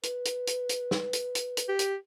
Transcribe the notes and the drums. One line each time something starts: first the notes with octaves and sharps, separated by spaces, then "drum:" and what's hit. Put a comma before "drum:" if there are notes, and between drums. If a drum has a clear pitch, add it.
B4, drum: hi-hat
drum: hi-hat
drum: hi-hat
drum: hi-hat
drum: snare
drum: hi-hat
drum: hi-hat
drum: hi-hat
G4
drum: hi-hat